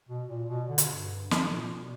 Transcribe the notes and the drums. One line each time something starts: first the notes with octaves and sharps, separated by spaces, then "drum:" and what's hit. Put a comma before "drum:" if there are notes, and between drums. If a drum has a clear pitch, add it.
B2
A#2
B2
D3
drum: hi-hat
G2
drum: snare
A#2
B2